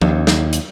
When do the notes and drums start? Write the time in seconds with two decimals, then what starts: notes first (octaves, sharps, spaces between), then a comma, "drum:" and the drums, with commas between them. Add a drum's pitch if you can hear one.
0.02 D#2, drum: tom F3
0.27 drum: snare
0.53 drum: hi-hat